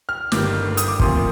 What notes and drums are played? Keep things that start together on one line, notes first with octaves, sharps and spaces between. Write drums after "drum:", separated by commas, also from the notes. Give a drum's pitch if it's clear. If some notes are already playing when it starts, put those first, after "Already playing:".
F6
G1 G2 D#3 G3 D6, drum: snare
D#6, drum: hi-hat
D6
D2 C3 F3 A#3 C6, drum: kick